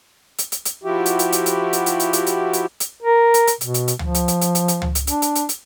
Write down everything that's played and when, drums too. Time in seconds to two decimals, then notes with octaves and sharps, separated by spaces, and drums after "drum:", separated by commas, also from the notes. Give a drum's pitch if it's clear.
0.38 drum: hi-hat
0.52 drum: hi-hat
0.65 drum: hi-hat
0.84 F3 E4 F#4 G4
1.06 drum: hi-hat
1.19 drum: hi-hat
1.32 drum: hi-hat
1.46 drum: hi-hat
1.73 drum: hi-hat
1.86 drum: hi-hat
2.00 drum: hi-hat
2.13 drum: hi-hat
2.26 drum: hi-hat
2.53 drum: hi-hat
2.80 drum: hi-hat
3.02 A#4
3.34 drum: hi-hat
3.47 drum: hi-hat
3.61 B2, drum: hi-hat
3.74 drum: hi-hat
3.88 drum: hi-hat
3.99 F3, drum: tom
4.14 drum: hi-hat
4.28 drum: hi-hat
4.41 drum: hi-hat
4.55 drum: hi-hat
4.68 drum: hi-hat
4.82 drum: tom
4.95 drum: hi-hat
5.07 D4, drum: hi-hat
5.22 drum: hi-hat
5.35 drum: hi-hat
5.49 drum: hi-hat